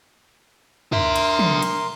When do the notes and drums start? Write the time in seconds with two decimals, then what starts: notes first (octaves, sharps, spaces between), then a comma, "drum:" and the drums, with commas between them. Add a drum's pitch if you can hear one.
0.92 D4 A#4 E5 C6, drum: tom
1.16 drum: cymbal
1.39 drum: tom
1.63 drum: cymbal